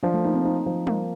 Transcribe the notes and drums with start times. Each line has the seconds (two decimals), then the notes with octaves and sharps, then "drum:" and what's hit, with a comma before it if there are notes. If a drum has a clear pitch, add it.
0.03 F3 D4
0.14 A3
0.24 A#3 D#4
0.34 C4
0.45 D#4
0.66 F3
0.87 A#3, drum: tom G3